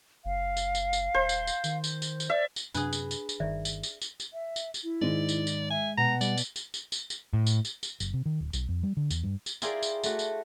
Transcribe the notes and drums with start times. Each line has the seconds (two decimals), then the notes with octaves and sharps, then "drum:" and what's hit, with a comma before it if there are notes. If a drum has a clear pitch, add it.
0.25 F#1 F5
0.57 drum: tambourine
0.75 drum: tambourine
0.93 drum: tambourine
1.14 D#1 C5
1.29 drum: tambourine
1.47 drum: tambourine
1.64 D#3, drum: tambourine
1.84 drum: tambourine
2.02 drum: tambourine
2.20 drum: tambourine
2.30 D5 E5
2.56 drum: tambourine
2.74 F#2 C3 D4 G#4 B4, drum: tambourine
2.93 drum: tambourine
3.11 drum: tambourine
3.29 drum: tambourine
3.40 G1 D#3 D5 E5
3.65 drum: tambourine
3.83 drum: tambourine
4.02 drum: tambourine
4.20 drum: tambourine
4.33 E5
4.56 drum: tambourine
4.74 drum: tambourine
4.84 E4
5.02 G#2 D#3 G#3 D5
5.29 drum: tambourine
5.47 drum: tambourine
5.70 E5 G#5
5.97 B2 F#5 A#5
6.21 G3 D5, drum: tambourine
6.38 drum: tambourine
6.56 drum: tambourine
6.74 drum: tambourine
6.92 drum: tambourine
7.10 drum: tambourine
7.33 A2
7.47 drum: tambourine
7.65 drum: tambourine
7.83 drum: tambourine
8.00 F#1, drum: tambourine
8.13 C3
8.26 D#3
8.40 D1
8.53 B1, drum: tambourine
8.69 F2
8.83 G3
8.97 D3
9.10 E2, drum: tambourine
9.24 G2
9.46 drum: tambourine
9.62 E4 F4 G4 G#4 A#4 D5, drum: tambourine
9.83 drum: tambourine
10.04 A3 F#4, drum: tambourine
10.19 drum: tambourine